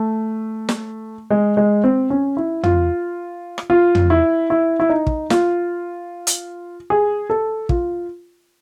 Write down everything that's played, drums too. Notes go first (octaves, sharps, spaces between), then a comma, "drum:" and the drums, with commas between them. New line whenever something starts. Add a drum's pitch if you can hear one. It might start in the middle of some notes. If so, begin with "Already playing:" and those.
Already playing: A3
drum: snare
G#3
G#3
C4
C#4
E4
F4, drum: tom
drum: rim click
F4
drum: tom
E4
E4
E4
D#4
drum: kick
F4, drum: snare
drum: hi-hat
G#4
A4
F4, drum: kick